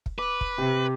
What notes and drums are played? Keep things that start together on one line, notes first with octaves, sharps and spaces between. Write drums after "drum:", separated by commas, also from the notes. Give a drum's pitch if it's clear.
drum: kick
B4 D6
drum: kick
C3 G4